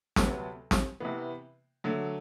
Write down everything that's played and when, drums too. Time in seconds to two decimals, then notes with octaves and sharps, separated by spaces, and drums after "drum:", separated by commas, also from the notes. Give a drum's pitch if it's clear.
0.16 D2 C3 F#3 B3, drum: snare
0.71 drum: snare
1.00 C3 E3 B3
1.84 D3 F#3 A3